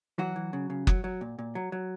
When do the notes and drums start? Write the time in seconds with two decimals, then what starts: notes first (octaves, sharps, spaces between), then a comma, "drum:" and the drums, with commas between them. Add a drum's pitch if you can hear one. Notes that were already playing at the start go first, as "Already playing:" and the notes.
0.18 E3 F#3 F#4
0.36 E3
0.53 C#3
0.70 C#3
0.87 F#3, drum: kick F#1
1.04 F#3
1.21 A#2
1.39 A#2
1.55 F#3
1.72 F#3